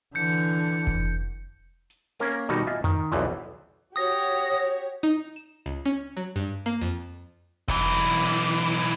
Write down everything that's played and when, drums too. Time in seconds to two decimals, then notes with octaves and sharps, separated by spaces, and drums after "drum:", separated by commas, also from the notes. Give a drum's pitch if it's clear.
0.15 D3 E3 G6 C#7
0.87 drum: kick F1
1.90 drum: hi-hat
2.19 A#3 C#4 A#4 F5 G#5, drum: open hi-hat
2.49 B2 D#3 G3 D#4 F#4
2.67 F4 D#5 E5 G#5
2.84 D#3, drum: tom F2
3.12 B1 E2 E3 F3
3.96 F#4 G4 C#5 D#6 A#6
5.03 D#4
5.36 E7
5.66 C#2, drum: hi-hat
5.85 C#4
6.17 F#3
6.36 G2, drum: hi-hat
6.66 A#3
6.81 F2
7.68 B1 E3, drum: kick F1